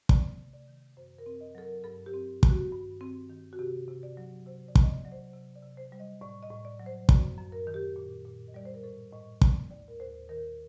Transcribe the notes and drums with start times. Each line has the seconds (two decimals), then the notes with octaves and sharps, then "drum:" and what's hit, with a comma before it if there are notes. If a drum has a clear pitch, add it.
0.09 C3 D5, drum: kick
0.39 A3
0.53 D5
0.68 D#3
0.97 F#2 C5
1.18 A#4
1.26 C4
1.41 D#5
1.55 F#3 A4
1.62 A#4
1.84 G2 A4
2.06 G4
2.14 C4
2.43 D#3, drum: kick
2.50 F#4
2.72 G2
3.01 C4
3.30 D#3
3.53 F#4
3.59 C3 G4
3.88 C3
4.03 D5
4.17 F#3
4.46 C3 C5
4.68 D5
4.75 C3, drum: kick
4.82 D#5
4.90 D5
5.05 F#3 D5
5.12 C5
5.34 C3
5.56 D5
5.63 C3
5.77 C5
5.92 G3
6.00 D#5
6.21 A2 D5
6.43 D#5
6.50 A2
6.65 D5
6.80 F#3
6.86 C5
7.09 F#2 D5, drum: kick
7.37 F#2
7.52 A#4
7.67 D#3
7.74 G4
7.96 A#2
8.25 A#2
8.48 D#5
8.54 G3 D5
8.65 C5
8.74 A#4
8.83 A2 A4
9.12 A2 D#5
9.41 A3 D5, drum: kick
9.70 D#2 D5
9.88 A#4
10.00 D#2 C5
10.29 D#3 A#4